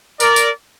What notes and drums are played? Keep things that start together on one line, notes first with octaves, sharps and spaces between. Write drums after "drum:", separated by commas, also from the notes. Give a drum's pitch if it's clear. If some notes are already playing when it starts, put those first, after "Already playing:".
A#4 D5, drum: tambourine
drum: tambourine